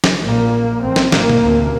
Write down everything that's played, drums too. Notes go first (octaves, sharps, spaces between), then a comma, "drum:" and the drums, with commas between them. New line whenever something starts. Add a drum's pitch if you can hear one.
drum: snare
A#1 A#2 A#3
A1 A2 C4
drum: snare
A#3, drum: snare
drum: tom B2
D2 C3